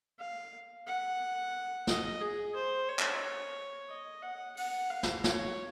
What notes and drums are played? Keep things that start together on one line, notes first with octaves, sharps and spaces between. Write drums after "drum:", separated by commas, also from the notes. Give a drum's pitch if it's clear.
F5
F#5
D#5, drum: snare
G#4
C5
C#5
drum: clap
D#5
F#5
F#5, drum: open hi-hat
F5
drum: snare
C#5, drum: snare